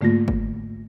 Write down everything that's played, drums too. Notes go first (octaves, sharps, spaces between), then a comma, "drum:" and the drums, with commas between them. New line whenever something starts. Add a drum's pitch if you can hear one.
G#2 D3 A3 A#3 F4 A#6
drum: kick G1